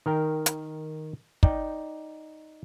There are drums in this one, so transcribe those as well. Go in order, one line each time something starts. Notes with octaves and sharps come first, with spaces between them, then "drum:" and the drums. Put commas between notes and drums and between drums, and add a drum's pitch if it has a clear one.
D#3 A#4 G5
drum: hi-hat
D#4 D5 G5, drum: kick